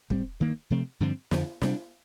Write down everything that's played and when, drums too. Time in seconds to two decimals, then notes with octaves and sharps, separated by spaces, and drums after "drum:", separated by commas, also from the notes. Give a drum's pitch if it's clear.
0.10 A2 G3 C4, drum: kick
0.40 G2 D#3 A#3
0.70 C3 F3 A3 C4
1.00 G2 D3 F3 C4
1.31 F2 D3 F3, drum: snare
1.62 C3 G3 D4, drum: snare